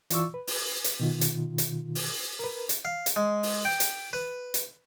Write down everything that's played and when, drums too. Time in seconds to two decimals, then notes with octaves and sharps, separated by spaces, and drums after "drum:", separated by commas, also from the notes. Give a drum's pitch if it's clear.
0.10 E3 F4 D5 C#6 E6, drum: hi-hat
0.34 B4
0.47 drum: open hi-hat
0.84 drum: hi-hat
1.00 B2 D#3 F4
1.21 drum: hi-hat
1.58 drum: hi-hat
1.95 drum: open hi-hat
2.39 A#4 B4
2.69 drum: hi-hat
2.85 F5
3.06 drum: hi-hat
3.16 G#3
3.43 drum: open hi-hat
3.65 G5
3.80 drum: hi-hat
4.13 B4
4.54 drum: hi-hat